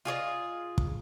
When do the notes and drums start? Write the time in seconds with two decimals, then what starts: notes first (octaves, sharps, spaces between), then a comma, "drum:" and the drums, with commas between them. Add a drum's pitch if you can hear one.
0.05 F4 G#4 C#5 D#5
0.78 drum: kick